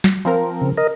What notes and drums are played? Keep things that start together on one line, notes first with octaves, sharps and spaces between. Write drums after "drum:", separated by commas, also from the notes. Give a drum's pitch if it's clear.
drum: snare
F3 C4 A#4
C#3
A#4 D#5